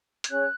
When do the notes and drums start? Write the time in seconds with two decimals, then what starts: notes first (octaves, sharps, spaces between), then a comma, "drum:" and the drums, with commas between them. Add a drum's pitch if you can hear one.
0.24 G#6, drum: hi-hat
0.28 C#4 G#4 C#5 F#6